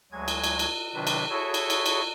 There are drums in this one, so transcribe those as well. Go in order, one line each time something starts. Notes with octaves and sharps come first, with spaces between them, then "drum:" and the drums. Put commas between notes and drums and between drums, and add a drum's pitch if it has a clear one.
D2 F#3 G#3 G#5 G#6
drum: cymbal
drum: cymbal
drum: cymbal
C3 D#3 F#3 D4 B4
drum: cymbal
E4 F#4 G#4 A4 C#5
drum: cymbal
drum: cymbal
drum: cymbal